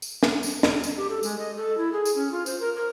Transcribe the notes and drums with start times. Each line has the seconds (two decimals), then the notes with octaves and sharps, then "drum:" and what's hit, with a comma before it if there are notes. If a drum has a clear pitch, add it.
0.02 drum: tambourine
0.23 drum: snare
0.43 drum: tambourine
0.63 drum: snare
0.84 drum: tambourine
0.97 G4
1.09 A4
1.23 G#3, drum: tambourine
1.39 D#5
1.57 A4
1.77 E4
1.93 G#4
2.06 drum: tambourine
2.15 C#4
2.32 F4
2.46 C5, drum: tambourine
2.60 A#4
2.76 A#4